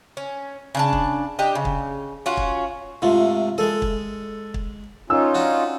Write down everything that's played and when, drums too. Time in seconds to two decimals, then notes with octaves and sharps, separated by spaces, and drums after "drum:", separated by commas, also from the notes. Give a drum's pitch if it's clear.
0.17 C#4
0.75 C#3 D4 A5
0.93 drum: kick
1.39 D4 G4 D#5
1.55 C#3
1.65 drum: kick
2.26 C#4 F4 F#4
2.37 drum: kick
3.02 G#2 C3 A3 F4
3.58 G#3 G#4 A4
3.82 drum: kick
4.54 drum: kick
5.10 C#4 D#4 F4 E6
5.35 D4 F#4